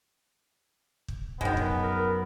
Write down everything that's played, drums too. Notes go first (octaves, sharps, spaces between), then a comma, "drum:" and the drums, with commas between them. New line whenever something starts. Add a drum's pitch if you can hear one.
drum: kick
F#2 D#3 G#3 B3, drum: kick
drum: kick
A#4